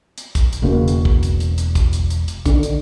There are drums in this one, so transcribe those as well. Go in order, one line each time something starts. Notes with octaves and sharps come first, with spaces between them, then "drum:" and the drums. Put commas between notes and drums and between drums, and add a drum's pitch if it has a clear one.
drum: hi-hat
drum: kick, hi-hat
drum: hi-hat
E1 C#3 A#3 F#4
drum: hi-hat
drum: kick
drum: hi-hat
drum: hi-hat
drum: hi-hat
drum: kick, hi-hat
drum: hi-hat
drum: hi-hat
drum: hi-hat
D3 D#3 D4, drum: kick, hi-hat
drum: hi-hat